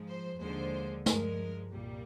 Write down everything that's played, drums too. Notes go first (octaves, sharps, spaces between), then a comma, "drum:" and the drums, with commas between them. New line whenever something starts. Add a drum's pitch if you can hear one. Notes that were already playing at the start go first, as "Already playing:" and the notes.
Already playing: G#2 F3 G#3
C5
D#2 D3 F3 G#3 C5
G2 F3 G#3 A#4, drum: snare
C2 A#2 G3